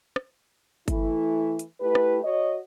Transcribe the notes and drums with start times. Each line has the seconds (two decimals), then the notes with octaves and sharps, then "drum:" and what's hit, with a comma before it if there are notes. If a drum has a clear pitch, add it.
0.16 drum: rim click
0.88 E3 A3 E4, drum: kick G1, hi-hat
1.59 drum: hi-hat
1.80 A3 E4 G4 B4
1.95 drum: rim click
2.23 F#4 C#5 D#5